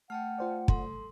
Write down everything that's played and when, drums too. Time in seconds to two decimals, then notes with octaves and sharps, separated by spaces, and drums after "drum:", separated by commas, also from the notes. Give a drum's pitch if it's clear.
0.10 A3 F#5 G5 A5 F6
0.38 F4 C5 D5
0.68 A4 C6, drum: kick